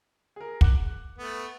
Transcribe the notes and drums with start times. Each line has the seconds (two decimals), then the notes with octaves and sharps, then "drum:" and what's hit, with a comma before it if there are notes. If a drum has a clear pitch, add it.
0.36 G#4 A#4
0.61 F#5 D6 F#6, drum: kick
1.18 A3 B3